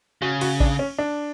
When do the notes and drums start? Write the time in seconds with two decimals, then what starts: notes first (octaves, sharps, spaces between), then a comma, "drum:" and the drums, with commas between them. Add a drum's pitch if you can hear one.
0.22 C#3 F#4
0.41 F#4, drum: cymbal
0.60 D4, drum: kick A1
0.79 C#4
0.98 D4